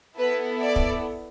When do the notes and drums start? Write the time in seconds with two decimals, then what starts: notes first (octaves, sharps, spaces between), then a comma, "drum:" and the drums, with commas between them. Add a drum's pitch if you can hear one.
0.19 B3 E4 A4 B4
0.61 D5
0.76 drum: kick